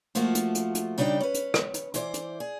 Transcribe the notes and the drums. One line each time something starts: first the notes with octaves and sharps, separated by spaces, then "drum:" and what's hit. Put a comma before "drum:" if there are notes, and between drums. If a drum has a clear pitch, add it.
F3 A3 A#3 F4 F#4, drum: hi-hat
drum: hi-hat
drum: hi-hat
drum: hi-hat
C#3 G3 D4 D#4 D5 G5
C#4 B4
drum: hi-hat
drum: rim click
drum: hi-hat
E3 C5 D5, drum: hi-hat
drum: hi-hat
G#4